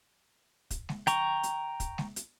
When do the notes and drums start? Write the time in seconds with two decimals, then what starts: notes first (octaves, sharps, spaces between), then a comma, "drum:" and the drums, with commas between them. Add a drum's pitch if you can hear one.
0.71 drum: kick, hi-hat
0.89 drum: snare G#3
1.07 G5 A#5 C#6, drum: hi-hat
1.43 drum: hi-hat
1.80 drum: kick, hi-hat
1.98 drum: snare G#3
2.16 drum: hi-hat